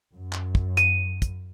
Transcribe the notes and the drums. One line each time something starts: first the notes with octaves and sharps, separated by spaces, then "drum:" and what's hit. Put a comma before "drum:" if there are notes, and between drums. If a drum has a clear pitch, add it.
F#2
drum: clap
drum: kick
D#7, drum: hi-hat
drum: kick, hi-hat